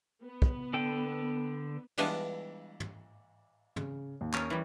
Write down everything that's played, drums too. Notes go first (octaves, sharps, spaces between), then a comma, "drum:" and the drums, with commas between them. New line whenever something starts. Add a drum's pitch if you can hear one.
B3
drum: kick
D3 A4 G5
E3 G3 G#3 B3 D4 F4, drum: cymbal
drum: tom
C#3, drum: tom
D#2
C#4 A#4, drum: clap
E3 G3